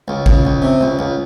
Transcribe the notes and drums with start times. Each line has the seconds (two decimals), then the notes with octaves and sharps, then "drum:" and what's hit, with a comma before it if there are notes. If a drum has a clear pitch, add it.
0.08 C#2
0.26 C#2, drum: kick G#1
0.45 C#2
0.62 C3
0.81 C#2
0.99 C#2